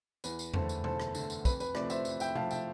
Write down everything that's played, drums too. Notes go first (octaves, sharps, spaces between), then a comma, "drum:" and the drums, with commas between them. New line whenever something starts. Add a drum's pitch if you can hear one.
E2 B4, drum: tambourine
drum: tambourine
D3 A3 A4 C5, drum: tom E2
drum: tambourine
E2 A4 C5, drum: tom B2
drum: rim click
D3 A3, drum: tambourine
drum: tambourine
F2 B4, drum: kick, tambourine
B4, drum: tambourine
C3 F3 A3 B4 D5, drum: rim click
C5 E5, drum: tambourine
F2, drum: tambourine
E5 G5, drum: tambourine
C3 F3 A3 F5 A5, drum: tom B2
E5 G5, drum: tambourine